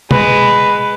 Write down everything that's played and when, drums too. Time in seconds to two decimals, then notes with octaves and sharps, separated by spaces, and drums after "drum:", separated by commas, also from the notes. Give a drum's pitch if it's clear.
0.11 G#3 B4, drum: tom